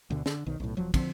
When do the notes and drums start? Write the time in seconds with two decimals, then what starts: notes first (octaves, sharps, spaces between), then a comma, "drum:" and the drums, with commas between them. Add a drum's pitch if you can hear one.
0.10 D2 B2 D3
0.26 D3, drum: snare
0.46 B1 D#3
0.60 B1 A2
0.77 E1 F3 F#3
0.94 D3 F3 C4, drum: kick, cymbal